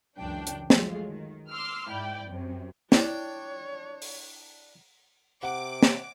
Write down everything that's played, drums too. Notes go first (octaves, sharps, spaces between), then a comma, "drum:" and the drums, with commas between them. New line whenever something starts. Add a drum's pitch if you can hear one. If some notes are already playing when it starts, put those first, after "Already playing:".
C#2 F#2 E3 D4 G5
drum: hi-hat
F3 F#3 G#3 A3 F4, drum: snare
D#3
C6 D6 E6 F6
G#2 E4 D5 G5
F#2 C3
D4 E4 C#5 G5, drum: snare
drum: open hi-hat
C3 F#5 D6
drum: snare